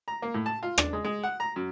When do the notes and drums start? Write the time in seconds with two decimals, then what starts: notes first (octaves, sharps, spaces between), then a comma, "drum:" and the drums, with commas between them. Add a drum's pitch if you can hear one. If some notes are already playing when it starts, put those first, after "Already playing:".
0.08 A#5
0.22 A#3
0.34 A2
0.46 A5
0.63 F4
0.78 D4, drum: rim click
0.93 G#3
1.04 G#3
1.23 F#5
1.40 A#5
1.56 F#2